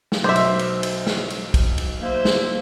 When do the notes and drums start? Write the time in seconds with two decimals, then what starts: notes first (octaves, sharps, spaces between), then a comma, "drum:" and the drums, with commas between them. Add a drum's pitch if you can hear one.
0.12 drum: snare
0.24 B1 C5 E5 D6
0.36 drum: cymbal
0.59 drum: cymbal
0.83 drum: cymbal
1.07 drum: snare
1.30 drum: cymbal
1.54 drum: kick, cymbal
1.78 drum: cymbal
2.01 A#3 C5 E5
2.25 drum: snare